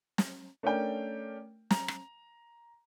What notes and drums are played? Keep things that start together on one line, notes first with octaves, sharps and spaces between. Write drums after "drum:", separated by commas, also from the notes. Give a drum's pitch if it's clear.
drum: snare
A3 C#4 D4 A#4 G5
A#5, drum: snare
drum: rim click